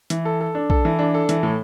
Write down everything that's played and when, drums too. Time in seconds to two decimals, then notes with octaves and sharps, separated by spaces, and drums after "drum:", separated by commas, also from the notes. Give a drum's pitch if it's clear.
0.10 E3, drum: hi-hat
0.25 A4
0.41 A4
0.55 D4
0.70 A4, drum: kick
0.85 E3
0.99 D4
1.14 A4
1.29 E3, drum: hi-hat
1.43 A2